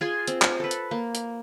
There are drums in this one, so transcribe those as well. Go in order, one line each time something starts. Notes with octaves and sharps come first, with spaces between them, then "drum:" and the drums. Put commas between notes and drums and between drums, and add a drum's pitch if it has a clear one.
F4 G#4 G#5 C6
C4, drum: hi-hat
drum: clap
A4 B4
drum: hi-hat
A#3
drum: hi-hat